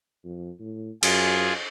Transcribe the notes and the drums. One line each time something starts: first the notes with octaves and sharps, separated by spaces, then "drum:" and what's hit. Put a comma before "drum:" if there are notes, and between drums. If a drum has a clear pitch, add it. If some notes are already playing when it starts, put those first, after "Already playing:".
F2
A2
F#2 F4 G#4, drum: cymbal